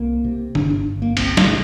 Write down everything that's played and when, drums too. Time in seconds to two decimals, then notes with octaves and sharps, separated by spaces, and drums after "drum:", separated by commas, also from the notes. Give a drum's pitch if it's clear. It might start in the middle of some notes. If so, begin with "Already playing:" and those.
Already playing: C2 A#3
0.24 C3
0.55 G1 D4, drum: tom D3
0.70 D4
0.87 G1
1.02 A#3
1.17 C2 C4, drum: cymbal
1.37 A3, drum: snare
1.48 C3